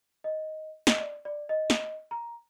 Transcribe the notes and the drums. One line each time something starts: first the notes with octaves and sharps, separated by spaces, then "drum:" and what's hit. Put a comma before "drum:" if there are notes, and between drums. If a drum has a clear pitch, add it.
D#5
D#5, drum: snare
D5
D5
D#5
drum: snare
A#5